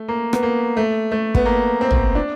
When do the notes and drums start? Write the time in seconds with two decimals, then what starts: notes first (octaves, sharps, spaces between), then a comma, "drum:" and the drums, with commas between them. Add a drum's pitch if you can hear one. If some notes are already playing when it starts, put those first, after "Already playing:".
Already playing: A3
0.08 A#3
0.33 B3, drum: rim click
0.43 A#3
0.77 A3
1.12 A3
1.35 B3, drum: kick
1.46 A#3
1.81 C4
1.91 drum: tom
2.15 D4